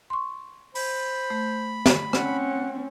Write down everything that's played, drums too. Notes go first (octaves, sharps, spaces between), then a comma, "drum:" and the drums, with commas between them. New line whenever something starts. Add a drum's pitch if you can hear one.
C6 C#6
C5 B5, drum: open hi-hat
A3
drum: snare
C4 C#4 F#5, drum: rim click